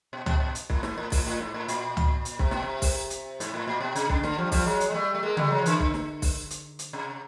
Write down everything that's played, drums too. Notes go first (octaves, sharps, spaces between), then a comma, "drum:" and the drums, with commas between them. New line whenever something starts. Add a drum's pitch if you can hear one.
B2
B2, drum: tom C#2
B2
drum: hi-hat
A2, drum: kick B1
G#2, drum: snare
A2
A2, drum: kick B1, open hi-hat
A2
G#2
A2
A#2, drum: hi-hat
drum: tom C#2
drum: hi-hat
C3, drum: kick B1
B2, drum: snare
C3
drum: kick B1, open hi-hat
drum: hi-hat
G#2, drum: hi-hat
A2
A#2
B2
C3, drum: hi-hat
C#3, drum: kick B1
D3, drum: snare
F3 G3
F3 G3, drum: kick B1, open hi-hat
F#3 G#3
drum: hi-hat
G#3
G3 A3
A3
G#3 A#3
G3 A3, drum: tom C#3
F#3 G#3
F3
D3 E3, drum: hi-hat
D3, drum: kick B1
drum: snare
drum: kick B1, open hi-hat
drum: hi-hat
drum: hi-hat
C3